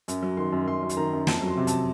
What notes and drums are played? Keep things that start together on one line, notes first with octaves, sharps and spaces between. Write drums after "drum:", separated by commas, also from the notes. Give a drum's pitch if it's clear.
F#2, drum: hi-hat
F#3
D#3 C6
F#2
F#2 C6
F#3
C6, drum: hi-hat
D#3 A#5
F#2
F2 A5, drum: snare
F#3
C6
C3
A5, drum: hi-hat